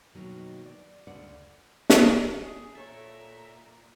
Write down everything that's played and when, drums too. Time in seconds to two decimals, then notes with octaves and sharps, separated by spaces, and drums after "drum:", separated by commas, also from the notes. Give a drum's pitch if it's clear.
0.15 B2 D#3 F#3 A#3
0.66 D5
1.07 D2 C#3 D5 F#5
1.90 drum: snare
2.43 G#4
2.75 A#2 A4 A#4 C#5 E5